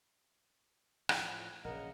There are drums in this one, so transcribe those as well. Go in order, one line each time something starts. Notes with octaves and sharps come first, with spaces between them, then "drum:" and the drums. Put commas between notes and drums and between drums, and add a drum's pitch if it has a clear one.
A2 F3, drum: rim click
A#1 C#3 E3 A#4 D#5 F#5